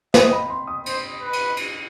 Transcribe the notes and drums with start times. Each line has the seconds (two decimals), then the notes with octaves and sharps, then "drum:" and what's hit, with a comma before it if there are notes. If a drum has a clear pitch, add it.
0.14 D#5 G5, drum: snare
0.33 B5
0.50 C6
0.67 D#6
0.86 C5, drum: cymbal
1.21 B4
1.33 drum: cymbal
1.57 drum: cymbal